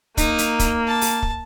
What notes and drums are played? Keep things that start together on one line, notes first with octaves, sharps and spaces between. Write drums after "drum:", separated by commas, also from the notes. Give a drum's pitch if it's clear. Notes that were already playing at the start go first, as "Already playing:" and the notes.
A#3 D#4, drum: kick, hi-hat
drum: hi-hat
drum: kick, hi-hat
A5
drum: open hi-hat
drum: kick